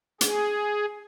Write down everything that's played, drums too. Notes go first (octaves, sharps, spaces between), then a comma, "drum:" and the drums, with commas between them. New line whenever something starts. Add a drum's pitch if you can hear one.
G#4, drum: hi-hat